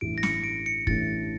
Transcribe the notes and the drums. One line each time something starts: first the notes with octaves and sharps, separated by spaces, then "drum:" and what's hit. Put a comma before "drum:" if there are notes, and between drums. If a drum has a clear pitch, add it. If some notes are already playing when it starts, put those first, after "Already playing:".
A1 G2 E3 A3 E4 D7
A#6
C#7, drum: snare
D7
C#7
A1 G2 E3 A3 E4 A6, drum: kick